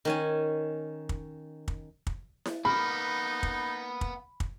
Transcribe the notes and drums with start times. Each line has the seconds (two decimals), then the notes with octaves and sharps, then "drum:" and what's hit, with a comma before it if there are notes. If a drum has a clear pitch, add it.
0.05 D#3 C#4 G#5
1.09 drum: kick
1.68 drum: kick
2.07 drum: kick
2.45 drum: snare E4
2.65 A#3 B3 D#4 B5
3.43 drum: kick
4.01 drum: kick
4.40 drum: kick